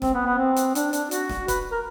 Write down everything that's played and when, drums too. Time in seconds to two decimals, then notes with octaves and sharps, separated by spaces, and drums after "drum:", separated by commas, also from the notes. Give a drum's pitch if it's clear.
0.02 C4, drum: snare
0.14 B3
0.27 B3
0.38 C4
0.56 drum: hi-hat
0.75 D4, drum: hi-hat
0.93 D4, drum: hi-hat
1.11 F#4, drum: hi-hat
1.29 drum: snare
1.48 B4, drum: kick, hi-hat
1.71 A#4